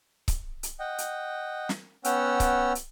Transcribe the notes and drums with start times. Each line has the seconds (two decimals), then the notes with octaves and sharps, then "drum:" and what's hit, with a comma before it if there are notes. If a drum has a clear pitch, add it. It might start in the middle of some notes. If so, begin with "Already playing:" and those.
0.28 drum: kick C#1, hi-hat
0.63 drum: hi-hat
0.80 D#5 F#5 G5
0.98 drum: hi-hat
1.69 drum: snare
2.04 B3 C#4 F#5 G5 E6 F6, drum: hi-hat
2.40 drum: kick C#1, hi-hat
2.75 drum: hi-hat